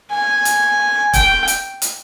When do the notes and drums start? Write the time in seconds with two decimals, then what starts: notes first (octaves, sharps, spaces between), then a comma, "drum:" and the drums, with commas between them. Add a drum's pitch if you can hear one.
0.11 G#5
0.45 drum: hi-hat
1.13 G5, drum: kick, hi-hat
1.48 drum: hi-hat
1.82 drum: hi-hat